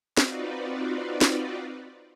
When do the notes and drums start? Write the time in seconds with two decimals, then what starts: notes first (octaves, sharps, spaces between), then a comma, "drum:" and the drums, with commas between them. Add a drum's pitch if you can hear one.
0.17 C4 D#4 F4 F#4 B4 D5, drum: snare
1.21 drum: snare